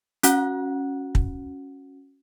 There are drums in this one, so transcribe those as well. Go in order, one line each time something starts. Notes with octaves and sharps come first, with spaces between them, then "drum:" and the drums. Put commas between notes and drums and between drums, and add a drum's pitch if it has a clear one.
C#4 F#4 F#5 F#6, drum: hi-hat
drum: kick